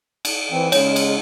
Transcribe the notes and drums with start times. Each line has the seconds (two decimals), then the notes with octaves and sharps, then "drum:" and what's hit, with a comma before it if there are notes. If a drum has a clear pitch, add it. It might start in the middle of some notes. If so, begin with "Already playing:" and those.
0.25 drum: cymbal
0.51 E3 C4
0.72 C#3 G#3 C#5, drum: cymbal
0.96 drum: cymbal